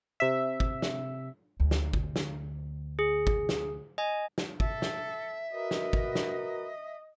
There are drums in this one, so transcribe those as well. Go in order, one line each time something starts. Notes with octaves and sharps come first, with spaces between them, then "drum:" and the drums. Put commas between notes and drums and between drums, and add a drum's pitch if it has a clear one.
C3 E5
drum: kick
drum: snare
D2
drum: snare
drum: kick
drum: snare
G#4
drum: kick
drum: snare
D#5 G#5
drum: snare
A4 E5, drum: kick
drum: snare
F#4 A#4 B4 D#5
drum: snare
drum: kick
drum: snare